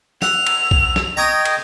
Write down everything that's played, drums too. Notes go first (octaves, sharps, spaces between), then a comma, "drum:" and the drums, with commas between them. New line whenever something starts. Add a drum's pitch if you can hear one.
F#5 E6 F7, drum: snare
drum: cymbal
drum: kick
drum: snare
D#5 G5 A#5 C#6 D#6 G#6
drum: cymbal